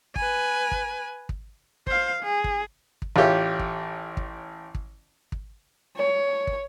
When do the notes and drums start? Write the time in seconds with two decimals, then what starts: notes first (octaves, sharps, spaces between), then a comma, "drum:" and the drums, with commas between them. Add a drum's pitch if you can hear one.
0.16 B4 G#5, drum: kick
0.72 drum: kick
1.29 drum: kick
1.87 C5 F5, drum: kick
2.22 G#4
2.44 drum: kick
3.02 drum: kick
3.16 A1 F4 G4 C#5
3.59 drum: kick
4.17 drum: kick
4.75 drum: kick
5.32 drum: kick
5.97 C#5
6.47 drum: kick